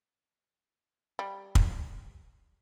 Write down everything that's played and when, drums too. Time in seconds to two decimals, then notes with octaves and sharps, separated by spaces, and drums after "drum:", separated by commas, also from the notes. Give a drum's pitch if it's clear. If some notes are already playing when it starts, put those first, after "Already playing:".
1.19 G3
1.55 drum: kick